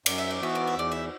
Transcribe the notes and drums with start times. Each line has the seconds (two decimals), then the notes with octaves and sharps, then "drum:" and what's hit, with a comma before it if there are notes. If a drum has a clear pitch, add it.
0.06 F#2 D5, drum: cymbal
0.18 E5
0.31 D5
0.40 E3 B3 F#4 E5
0.55 D5
0.67 E5
0.75 E2 D5
0.92 E5